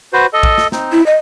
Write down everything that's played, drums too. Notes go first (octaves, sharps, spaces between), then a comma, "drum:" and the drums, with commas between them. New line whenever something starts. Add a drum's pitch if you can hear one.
F#4 B4 C5
A4 D#5
drum: kick
drum: snare
C4 D#4, drum: snare
E4
D#5